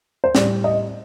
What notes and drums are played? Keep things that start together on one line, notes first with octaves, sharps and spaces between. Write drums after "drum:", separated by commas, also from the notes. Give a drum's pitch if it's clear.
C5
A2 G3 D5, drum: snare
D#5